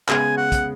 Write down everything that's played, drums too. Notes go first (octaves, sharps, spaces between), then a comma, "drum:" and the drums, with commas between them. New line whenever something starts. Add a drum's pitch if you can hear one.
C#3 G#3 B3 G#5, drum: clap
F#5
drum: kick, hi-hat